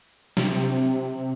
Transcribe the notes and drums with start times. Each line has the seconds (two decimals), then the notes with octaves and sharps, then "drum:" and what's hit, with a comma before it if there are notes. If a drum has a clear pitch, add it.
0.37 C3, drum: snare